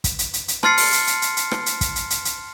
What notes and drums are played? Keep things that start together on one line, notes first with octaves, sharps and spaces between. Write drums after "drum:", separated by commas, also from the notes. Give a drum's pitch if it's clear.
drum: kick, hi-hat
drum: hi-hat
drum: hi-hat
drum: hi-hat
A5 C6 F6 A6 C7 C#7, drum: rim click
drum: open hi-hat
drum: hi-hat
drum: hi-hat
drum: hi-hat
drum: hi-hat
drum: rim click
drum: hi-hat
drum: kick, hi-hat
drum: hi-hat
drum: hi-hat
drum: hi-hat